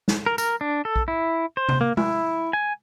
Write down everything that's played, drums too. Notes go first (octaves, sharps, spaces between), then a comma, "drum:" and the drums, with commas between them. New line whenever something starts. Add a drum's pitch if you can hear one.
drum: snare
A#4
A#4, drum: tambourine
D4
A4
drum: kick A#1
E4
C5
drum: tom C3
A#3
E4, drum: tom G#3
G#5